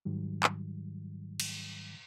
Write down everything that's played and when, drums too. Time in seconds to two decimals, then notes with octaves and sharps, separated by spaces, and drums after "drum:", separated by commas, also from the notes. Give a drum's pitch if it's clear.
0.05 G#2 D#3 F#3 G3
0.43 drum: clap
1.40 drum: cymbal